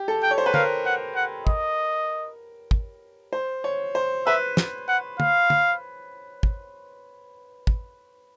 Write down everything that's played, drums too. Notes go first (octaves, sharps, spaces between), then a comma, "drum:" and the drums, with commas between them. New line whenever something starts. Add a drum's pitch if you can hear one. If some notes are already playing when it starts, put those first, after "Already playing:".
Already playing: G4
A4
G5
C#5
C5
B4
A#4 F5, drum: tom
F#5
F#5
D#5, drum: kick
drum: kick
C5
C#5
C5
B4 E5
drum: snare
F#5
F5, drum: tom
drum: tom
drum: kick
drum: kick